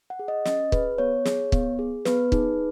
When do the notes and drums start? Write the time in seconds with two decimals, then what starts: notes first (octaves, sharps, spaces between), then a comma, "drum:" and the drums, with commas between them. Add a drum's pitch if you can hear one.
0.10 F#5
0.19 G#4
0.28 D#5
0.45 C#4 D#5, drum: snare
0.72 G#4 B4, drum: kick
0.98 B3 C#5
1.25 G#4, drum: snare
1.52 B3, drum: kick
1.79 G#4
2.05 B3 B4, drum: snare
2.32 D#4 G#4, drum: kick